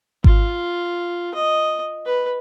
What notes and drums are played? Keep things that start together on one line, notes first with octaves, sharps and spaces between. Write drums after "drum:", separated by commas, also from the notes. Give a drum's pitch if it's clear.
F4, drum: kick G#1
D#5
B4